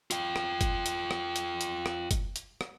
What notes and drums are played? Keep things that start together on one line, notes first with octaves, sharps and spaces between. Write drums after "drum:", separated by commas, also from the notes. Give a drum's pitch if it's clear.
F4 G5, drum: hi-hat
drum: rim click
drum: kick F#1, hi-hat
drum: hi-hat
drum: rim click
drum: hi-hat
drum: hi-hat
drum: rim click
drum: kick F#1, hi-hat
drum: hi-hat
drum: rim click